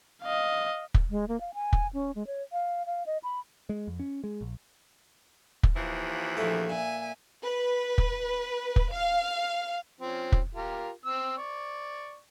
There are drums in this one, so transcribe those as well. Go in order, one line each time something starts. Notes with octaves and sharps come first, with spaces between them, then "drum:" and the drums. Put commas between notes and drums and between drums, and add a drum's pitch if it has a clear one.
D#5 F5
drum: kick
G#3
A#3
F5
G#5
drum: kick
C#4
G#3
C#5
F5
F5
D#5
B5
G#3
F2
C#4
G#3
A#1
drum: kick
D#2 E3 F3
A#1 A3
A#2 E5 G#5
B4
drum: kick
drum: kick
F5
F3 C4 C#4
drum: kick
F4 G4 A#4
C4 E6
D5 C#6